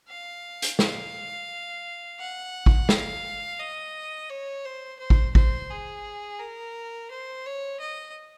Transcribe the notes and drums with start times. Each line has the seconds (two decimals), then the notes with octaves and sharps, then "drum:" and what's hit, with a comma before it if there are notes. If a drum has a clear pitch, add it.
0.08 F5
0.62 drum: hi-hat
0.79 F5, drum: snare
2.19 F#5
2.66 drum: kick
2.89 F5, drum: snare
3.60 D#5
4.30 C#5
4.65 C5
5.00 C5
5.10 drum: kick
5.35 C5, drum: kick
5.70 G#4
6.40 A#4
7.11 C5
7.46 C#5
7.80 D#5